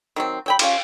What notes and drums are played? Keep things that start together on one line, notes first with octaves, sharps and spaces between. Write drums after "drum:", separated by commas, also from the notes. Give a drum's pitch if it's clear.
D#3 F#3 C4
F#3 G5 B5
C#4 F4 G4 F5 G5, drum: cymbal